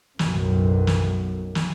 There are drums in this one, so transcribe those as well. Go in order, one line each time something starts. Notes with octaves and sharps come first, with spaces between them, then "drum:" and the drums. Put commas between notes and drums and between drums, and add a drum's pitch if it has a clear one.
B1 F#2 A2, drum: snare
drum: snare
drum: snare